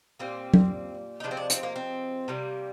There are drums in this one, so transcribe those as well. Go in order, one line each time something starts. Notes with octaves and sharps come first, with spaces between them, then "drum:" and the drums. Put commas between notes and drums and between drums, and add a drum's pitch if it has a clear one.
A#2 G3 A#3 C4
drum: tom F#3
D#4
C3 F3 G#3 D4
C4
D4
C4, drum: hi-hat
A#3
C4
C3 G3 A#3